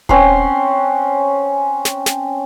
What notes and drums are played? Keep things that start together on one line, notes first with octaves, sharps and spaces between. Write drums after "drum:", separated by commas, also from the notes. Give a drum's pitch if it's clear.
C4 C#4 F#5 C6, drum: kick D#1
drum: snare
drum: snare